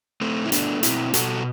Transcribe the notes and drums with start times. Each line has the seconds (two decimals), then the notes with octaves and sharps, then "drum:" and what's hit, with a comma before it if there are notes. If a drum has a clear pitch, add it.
0.21 A3 C4
0.45 E4
0.52 A3 B3 D4, drum: hi-hat
0.83 B2 C4 E4, drum: hi-hat
1.14 B2 F#4 A4, drum: hi-hat